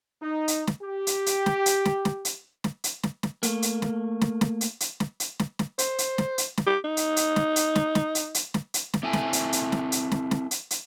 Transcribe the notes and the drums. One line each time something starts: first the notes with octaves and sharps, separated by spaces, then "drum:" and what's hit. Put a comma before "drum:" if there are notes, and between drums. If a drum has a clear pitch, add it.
D#4
drum: hi-hat
drum: snare
G4
drum: hi-hat
drum: hi-hat
drum: snare
drum: hi-hat
drum: snare
drum: snare
drum: hi-hat
drum: snare
drum: hi-hat
drum: snare
drum: snare
A3 A#3, drum: hi-hat
drum: hi-hat
drum: snare
drum: snare
drum: snare
drum: hi-hat
drum: hi-hat
drum: snare
drum: hi-hat
drum: snare
drum: snare
C5, drum: hi-hat
drum: hi-hat
drum: snare
drum: hi-hat
drum: snare
G4
D#4
drum: hi-hat
drum: hi-hat
drum: snare
drum: hi-hat
drum: snare
drum: snare
drum: hi-hat
drum: hi-hat
drum: snare
drum: hi-hat
drum: snare
C4 E4 A4 G5 G#5
drum: snare
drum: hi-hat
drum: hi-hat
drum: snare
drum: hi-hat
drum: snare
drum: snare
drum: hi-hat
drum: hi-hat